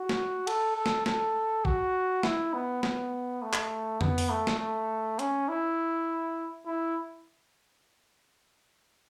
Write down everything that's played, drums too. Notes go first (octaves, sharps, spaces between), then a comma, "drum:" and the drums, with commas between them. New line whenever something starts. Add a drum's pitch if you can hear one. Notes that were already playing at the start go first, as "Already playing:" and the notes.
Already playing: F#4
drum: snare
A4, drum: cymbal
A4
drum: snare
A4, drum: snare
F#4, drum: kick
E4, drum: snare
B3
B3, drum: snare
A3
drum: clap
B3, drum: tom F2
drum: open hi-hat
A3
drum: snare
A3
C#4, drum: hi-hat
E4
E4